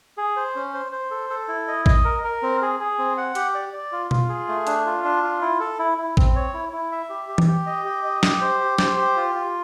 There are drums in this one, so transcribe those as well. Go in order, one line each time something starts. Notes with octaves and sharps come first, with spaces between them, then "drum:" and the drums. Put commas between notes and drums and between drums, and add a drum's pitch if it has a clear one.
G#4
C5
C#4
C5
C5
A4
A4
E4
D#5
D#5, drum: kick A1
A#4
A#4
C4
G#4
G#4
C4
F#5
G4, drum: hi-hat
D5
D5
F4
F4, drum: tom B2
G#4
A3
D4, drum: hi-hat
F4
D4
F4
E4
A4
E4
E4
C4, drum: kick A1
C#5
E4
E4
E5
G4
G4
drum: tom E3
G4
D#5
G4
D#5
G4, drum: snare
C5
G4
C5, drum: snare
G4
F4
F4